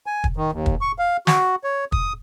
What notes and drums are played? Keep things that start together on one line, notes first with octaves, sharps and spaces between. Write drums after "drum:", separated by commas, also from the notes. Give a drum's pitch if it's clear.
G#5
drum: kick
D#3
D#2
drum: kick
C#6
F5
F#4, drum: snare
C#5
D#6, drum: kick